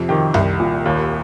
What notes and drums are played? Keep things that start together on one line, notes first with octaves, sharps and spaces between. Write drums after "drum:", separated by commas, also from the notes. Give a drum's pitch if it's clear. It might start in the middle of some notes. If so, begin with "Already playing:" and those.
Already playing: F2 C3
D#3 G4
C2, drum: tom F#2
A#2
D#2